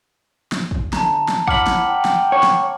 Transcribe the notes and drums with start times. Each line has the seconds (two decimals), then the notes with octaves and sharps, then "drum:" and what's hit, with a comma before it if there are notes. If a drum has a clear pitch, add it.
0.52 drum: snare
0.71 drum: kick
0.93 D3 A5 A#5, drum: snare
1.28 drum: snare
1.47 E4 C#5 F#5 B5 D6 F6 F#7, drum: kick
1.67 drum: snare
1.85 G5
2.05 drum: snare
2.32 C#5
2.43 drum: snare